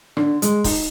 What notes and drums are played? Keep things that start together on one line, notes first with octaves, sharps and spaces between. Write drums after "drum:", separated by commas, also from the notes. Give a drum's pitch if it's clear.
D3, drum: rim click
G#3, drum: hi-hat
D#4, drum: kick, open hi-hat